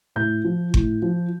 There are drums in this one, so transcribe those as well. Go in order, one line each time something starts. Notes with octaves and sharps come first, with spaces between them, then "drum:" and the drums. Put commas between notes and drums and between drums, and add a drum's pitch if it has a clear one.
A2 G6
F3
A2, drum: kick G1
F3